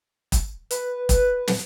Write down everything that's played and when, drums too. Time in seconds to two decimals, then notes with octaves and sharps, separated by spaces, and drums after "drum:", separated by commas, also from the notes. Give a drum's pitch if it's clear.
0.32 drum: kick, hi-hat
0.71 B4, drum: hi-hat
1.09 drum: kick, hi-hat
1.47 drum: snare